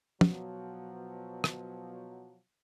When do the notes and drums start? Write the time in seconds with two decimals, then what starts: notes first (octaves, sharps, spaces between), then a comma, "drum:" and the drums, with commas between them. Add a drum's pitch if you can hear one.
0.21 B2 F3 F#3, drum: tom
1.44 drum: rim click